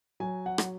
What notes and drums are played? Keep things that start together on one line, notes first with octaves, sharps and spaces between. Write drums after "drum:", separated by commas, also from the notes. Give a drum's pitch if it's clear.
F#3 G#5
F#5
F#3, drum: rim click